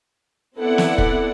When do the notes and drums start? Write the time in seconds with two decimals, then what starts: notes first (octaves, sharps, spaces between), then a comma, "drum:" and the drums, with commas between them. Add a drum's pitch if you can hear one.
0.58 B3 C4 E4 A4 D5 F#5
0.78 drum: snare
0.98 drum: kick